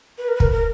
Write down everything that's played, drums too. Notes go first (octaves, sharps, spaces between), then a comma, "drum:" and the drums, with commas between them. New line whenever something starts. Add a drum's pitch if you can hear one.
B4
A#4
B4
A#4, drum: kick
A#4